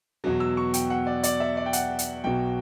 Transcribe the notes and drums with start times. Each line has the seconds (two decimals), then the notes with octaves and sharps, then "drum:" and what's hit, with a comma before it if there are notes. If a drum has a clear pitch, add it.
0.24 E2 B2 F#3
0.40 E6
0.57 C#6
0.74 G5, drum: hi-hat
0.90 F#5
1.07 D5
1.23 D5, drum: hi-hat
1.40 E5
1.57 D5
1.66 G5
1.73 F#5, drum: hi-hat
1.99 drum: hi-hat
2.24 B1 B2 F#3 G5